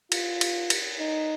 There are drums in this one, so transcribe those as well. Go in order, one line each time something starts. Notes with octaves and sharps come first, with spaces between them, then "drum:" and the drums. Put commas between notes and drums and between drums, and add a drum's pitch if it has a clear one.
F4, drum: cymbal
drum: cymbal
drum: cymbal
D#4